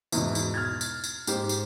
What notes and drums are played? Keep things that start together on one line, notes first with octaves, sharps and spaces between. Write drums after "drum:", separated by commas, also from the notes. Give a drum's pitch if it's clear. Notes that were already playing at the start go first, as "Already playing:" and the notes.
E2 G#2 B2, drum: tambourine
drum: tambourine
F6 G#6 A6
drum: tambourine
drum: tambourine
G#2 G4 C5, drum: tambourine
drum: tambourine